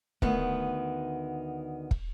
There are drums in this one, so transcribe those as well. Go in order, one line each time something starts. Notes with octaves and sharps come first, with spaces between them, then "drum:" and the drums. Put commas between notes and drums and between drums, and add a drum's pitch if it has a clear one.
D2 D#3 B3, drum: kick
drum: kick